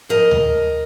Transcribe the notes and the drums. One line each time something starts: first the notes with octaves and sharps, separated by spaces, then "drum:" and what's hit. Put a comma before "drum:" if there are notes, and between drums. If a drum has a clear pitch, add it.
F2 A#4 D#5
drum: tom D2